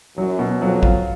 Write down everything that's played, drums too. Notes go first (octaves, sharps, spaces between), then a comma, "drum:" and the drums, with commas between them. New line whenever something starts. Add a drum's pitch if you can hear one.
F#2 F#3
B2
F2 F#3
F4, drum: kick A1